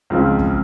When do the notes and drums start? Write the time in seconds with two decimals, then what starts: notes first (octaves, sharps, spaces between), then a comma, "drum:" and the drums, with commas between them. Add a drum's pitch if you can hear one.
0.10 C#2 C#3 F3 C4
0.39 drum: kick